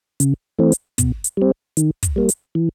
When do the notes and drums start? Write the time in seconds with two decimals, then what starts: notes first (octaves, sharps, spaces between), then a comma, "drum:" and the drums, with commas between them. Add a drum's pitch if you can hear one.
0.20 C#3, drum: hi-hat
0.59 E3 A3 C4
0.72 drum: hi-hat
0.98 B2, drum: kick, hi-hat
1.24 drum: hi-hat
1.37 G3 C4
1.77 D#3, drum: hi-hat
2.03 drum: kick, hi-hat
2.16 G3 A#3
2.29 drum: hi-hat
2.55 E3